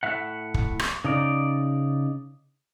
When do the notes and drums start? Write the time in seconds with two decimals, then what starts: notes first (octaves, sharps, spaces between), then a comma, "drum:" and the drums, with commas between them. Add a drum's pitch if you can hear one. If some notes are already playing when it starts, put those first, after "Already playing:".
0.03 A2 E5 F#5
0.54 drum: kick
0.79 drum: rim click
1.04 C#3 D#4 D5